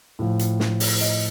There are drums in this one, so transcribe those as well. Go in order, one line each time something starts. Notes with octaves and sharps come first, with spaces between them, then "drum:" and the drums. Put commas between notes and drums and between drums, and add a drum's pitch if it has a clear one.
A2 F3
drum: hi-hat
drum: snare
drum: open hi-hat
D#5, drum: hi-hat